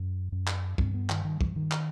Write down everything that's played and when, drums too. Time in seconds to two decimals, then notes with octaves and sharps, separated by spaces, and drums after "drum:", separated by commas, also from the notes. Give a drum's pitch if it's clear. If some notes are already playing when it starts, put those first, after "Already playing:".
Already playing: F#2
0.32 F#2
0.47 drum: clap
0.78 G2 C4, drum: kick
0.94 B3
1.10 D#3, drum: clap
1.25 G2 D#3
1.41 E3, drum: kick
1.56 D#3
1.72 drum: clap